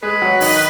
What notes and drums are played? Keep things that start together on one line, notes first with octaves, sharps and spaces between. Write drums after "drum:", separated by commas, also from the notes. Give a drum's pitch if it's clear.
G#3 G#4 B4
F#3 F#4
D#3 D#4, drum: open hi-hat